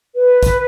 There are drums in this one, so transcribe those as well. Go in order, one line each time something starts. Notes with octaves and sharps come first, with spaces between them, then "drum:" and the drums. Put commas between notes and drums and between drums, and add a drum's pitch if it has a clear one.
B4
drum: kick, hi-hat